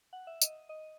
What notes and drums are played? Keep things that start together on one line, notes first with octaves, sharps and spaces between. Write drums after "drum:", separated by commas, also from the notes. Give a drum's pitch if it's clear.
F#5
E5
D#5, drum: tambourine
D#5